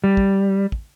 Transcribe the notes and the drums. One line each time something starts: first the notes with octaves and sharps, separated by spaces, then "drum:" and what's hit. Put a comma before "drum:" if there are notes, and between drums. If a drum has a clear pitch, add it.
G3
drum: kick
drum: kick